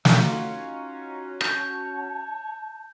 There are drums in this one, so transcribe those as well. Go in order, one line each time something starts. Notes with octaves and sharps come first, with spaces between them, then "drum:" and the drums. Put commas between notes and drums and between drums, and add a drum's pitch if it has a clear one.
C#4 D#4 F4 F#4, drum: snare
C#5 A5 G6, drum: rim click